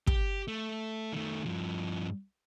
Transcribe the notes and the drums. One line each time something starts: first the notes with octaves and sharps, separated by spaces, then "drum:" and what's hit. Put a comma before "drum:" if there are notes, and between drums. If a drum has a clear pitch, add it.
G4, drum: kick
A3
D#3 A3
G2 F3